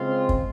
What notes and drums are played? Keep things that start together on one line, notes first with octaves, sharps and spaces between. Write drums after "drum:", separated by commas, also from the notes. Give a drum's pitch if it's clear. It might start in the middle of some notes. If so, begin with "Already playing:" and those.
Already playing: C#3 G#3 C4 F4
drum: kick